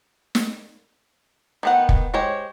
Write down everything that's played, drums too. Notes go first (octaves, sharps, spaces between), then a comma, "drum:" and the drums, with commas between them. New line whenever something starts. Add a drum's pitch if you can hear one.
drum: snare
D#3 B3 F#5
drum: kick
G#3 G4 C5 C#5